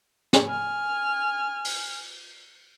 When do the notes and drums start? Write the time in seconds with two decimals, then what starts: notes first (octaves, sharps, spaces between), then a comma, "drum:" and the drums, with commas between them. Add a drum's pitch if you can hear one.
0.33 drum: snare
0.46 G#5 F6
1.65 drum: open hi-hat